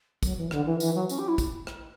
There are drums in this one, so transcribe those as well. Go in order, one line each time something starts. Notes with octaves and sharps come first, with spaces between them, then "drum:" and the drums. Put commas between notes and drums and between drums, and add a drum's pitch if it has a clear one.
F#3, drum: kick, tambourine
E3
D3, drum: rim click
E3
E3, drum: tambourine
F#3
C#4, drum: tambourine
G4
E4
drum: kick, tambourine
drum: rim click